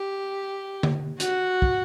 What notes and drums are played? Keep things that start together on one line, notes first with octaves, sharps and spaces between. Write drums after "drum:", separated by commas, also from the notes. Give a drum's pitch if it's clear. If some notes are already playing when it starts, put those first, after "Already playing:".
Already playing: G4
drum: tom D3
F#4, drum: hi-hat
drum: kick